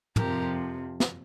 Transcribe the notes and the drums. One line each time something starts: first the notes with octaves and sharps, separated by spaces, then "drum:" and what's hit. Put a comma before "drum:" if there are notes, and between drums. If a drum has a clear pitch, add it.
F2 C3 F3 G4 A#4, drum: tom
drum: snare